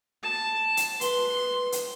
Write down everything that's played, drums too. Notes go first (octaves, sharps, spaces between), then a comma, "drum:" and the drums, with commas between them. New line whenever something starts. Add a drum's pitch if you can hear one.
A5
drum: hi-hat
B4 C6, drum: hi-hat
drum: hi-hat